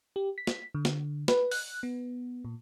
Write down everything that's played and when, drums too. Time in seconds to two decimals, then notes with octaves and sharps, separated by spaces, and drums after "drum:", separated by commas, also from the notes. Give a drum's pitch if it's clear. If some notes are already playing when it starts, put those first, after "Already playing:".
0.16 G4
0.38 B6
0.47 drum: snare
0.74 D3
0.85 drum: snare
1.28 B4, drum: snare
1.51 F#6, drum: open hi-hat
1.83 B3
2.45 A#2